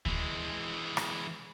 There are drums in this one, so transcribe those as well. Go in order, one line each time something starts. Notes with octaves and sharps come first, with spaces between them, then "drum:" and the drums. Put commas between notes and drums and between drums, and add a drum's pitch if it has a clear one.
E3 G#3, drum: kick D2
drum: rim click